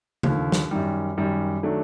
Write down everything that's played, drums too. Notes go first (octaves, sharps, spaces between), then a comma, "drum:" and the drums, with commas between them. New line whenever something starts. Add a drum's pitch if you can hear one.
D#2 D3 F3, drum: tom C#3
drum: snare
F#2 D#3 G3
F#2 D#3 G3
D#3 F#3 A3 D4